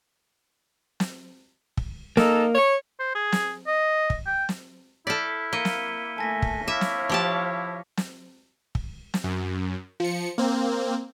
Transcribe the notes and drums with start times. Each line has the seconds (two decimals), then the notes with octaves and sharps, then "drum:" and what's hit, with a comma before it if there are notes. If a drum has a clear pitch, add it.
1.00 drum: snare
1.77 drum: kick
2.17 A#3 D#4 A4, drum: snare
2.55 C#5
3.00 C5
3.15 G#4
3.32 drum: snare
3.67 D#5
4.10 drum: kick
4.26 G5
4.49 drum: snare
5.07 E4 A4 D5 F6 G6 B6
5.53 A#3 C#7 D#7 G7
5.65 drum: snare
6.18 A3 G#5 A5 A#6 B6
6.42 drum: kick
6.68 E4 C#5 E5 F5 D6 F6
6.81 drum: snare
7.09 F3 G4 A5
7.97 drum: snare
8.75 drum: kick
9.14 drum: snare
9.24 F#2
10.00 F3 C#7
10.38 A#3 C4